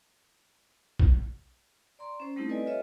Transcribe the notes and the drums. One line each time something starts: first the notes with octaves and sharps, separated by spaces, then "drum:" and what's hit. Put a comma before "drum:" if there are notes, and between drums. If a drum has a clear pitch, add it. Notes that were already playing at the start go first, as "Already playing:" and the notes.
drum: kick
D5 A#5 C6
C#4 C5
G3 A3 C4 D#4 E4 G4
A4 B4 D5 D#5 G#5
F4 A4 C5 C#5 D#5 E5